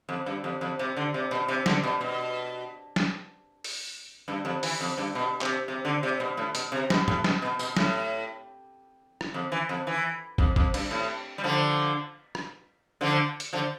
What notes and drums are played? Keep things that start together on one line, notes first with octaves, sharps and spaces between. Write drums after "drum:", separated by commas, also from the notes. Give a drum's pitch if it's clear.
F2
G2
F2
F2
C3
D3
C3
B2
C3
D3, drum: snare
B2
B2
drum: snare
drum: open hi-hat
G2
F2
E3, drum: open hi-hat
F2
G2
B2
C3, drum: clap
C3
D3
C3
B2
A2
B2, drum: hi-hat
C3
B2, drum: snare
A2, drum: tom G#2
B2, drum: snare
B2
B2, drum: tambourine
A2, drum: snare
drum: rim click
F2
E3
F2
E3
F2, drum: kick
F2, drum: kick
G2, drum: cymbal
A2
G3
D3 F3
drum: rim click
D3 F3
drum: hi-hat
D3 F3